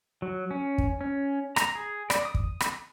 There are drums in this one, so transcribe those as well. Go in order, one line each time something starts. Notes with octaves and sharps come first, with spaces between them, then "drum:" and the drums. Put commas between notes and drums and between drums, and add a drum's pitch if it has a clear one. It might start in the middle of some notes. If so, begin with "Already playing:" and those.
F#3
C#4
drum: kick
C#4
A#5, drum: rim click
G#4
D5, drum: rim click
D#6
drum: kick
drum: rim click